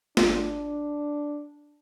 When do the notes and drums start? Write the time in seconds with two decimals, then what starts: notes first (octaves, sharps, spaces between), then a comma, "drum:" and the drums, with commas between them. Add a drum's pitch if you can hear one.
0.17 G#1 D4 F4 D#5, drum: snare